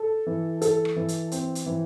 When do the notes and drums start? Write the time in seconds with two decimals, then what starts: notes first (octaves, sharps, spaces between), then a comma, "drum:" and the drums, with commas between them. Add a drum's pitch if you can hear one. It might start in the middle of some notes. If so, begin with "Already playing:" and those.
Already playing: A4
0.27 E3
0.62 A4, drum: hi-hat
0.85 drum: rim click
0.96 E3
1.08 drum: hi-hat
1.32 C4, drum: hi-hat
1.55 drum: hi-hat
1.66 E3